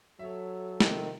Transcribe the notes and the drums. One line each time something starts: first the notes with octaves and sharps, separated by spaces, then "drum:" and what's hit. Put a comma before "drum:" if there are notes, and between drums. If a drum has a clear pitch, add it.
F#3 A4 C#5 E5
C3 D#3 F3, drum: snare